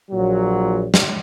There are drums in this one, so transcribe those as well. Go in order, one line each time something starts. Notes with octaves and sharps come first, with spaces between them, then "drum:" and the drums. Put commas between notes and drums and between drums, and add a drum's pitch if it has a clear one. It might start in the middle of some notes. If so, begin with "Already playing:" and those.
A#1 A#2 F#3
drum: snare